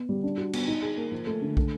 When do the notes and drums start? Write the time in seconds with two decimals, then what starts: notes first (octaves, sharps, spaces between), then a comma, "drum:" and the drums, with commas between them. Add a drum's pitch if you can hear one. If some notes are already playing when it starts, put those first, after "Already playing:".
Already playing: B3
0.09 G3
0.24 D4
0.38 F#4
0.53 B3, drum: cymbal
0.67 D#4
0.82 G#4
0.97 A#3
1.12 F3
1.27 A3
1.42 D3
1.57 A3, drum: kick